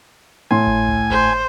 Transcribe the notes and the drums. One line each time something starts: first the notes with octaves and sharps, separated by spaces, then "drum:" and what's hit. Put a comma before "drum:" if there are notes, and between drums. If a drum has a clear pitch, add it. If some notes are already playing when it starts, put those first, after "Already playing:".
A2 G#5 C6
drum: kick G#1
drum: tom C2
C5, drum: kick G#1